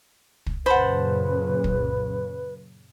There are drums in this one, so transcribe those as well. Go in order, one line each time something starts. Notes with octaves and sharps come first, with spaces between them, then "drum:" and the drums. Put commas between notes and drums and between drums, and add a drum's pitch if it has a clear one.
drum: kick
F#2 A#2 C#3 B4 C5 F#5 A5 B5
drum: kick